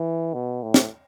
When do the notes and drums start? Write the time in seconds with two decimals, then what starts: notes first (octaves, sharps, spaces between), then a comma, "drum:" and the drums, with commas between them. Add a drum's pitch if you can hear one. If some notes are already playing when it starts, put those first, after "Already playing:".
Already playing: E3
0.34 B2
0.63 A2
0.74 drum: snare